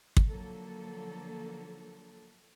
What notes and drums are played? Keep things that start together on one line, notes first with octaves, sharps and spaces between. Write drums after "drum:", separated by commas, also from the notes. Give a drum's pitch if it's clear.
drum: kick
D3 F3 F#3 A#3 A4